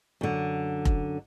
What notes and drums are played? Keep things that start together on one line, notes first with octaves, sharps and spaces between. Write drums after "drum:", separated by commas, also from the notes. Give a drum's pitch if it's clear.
F#2 D3
drum: kick F1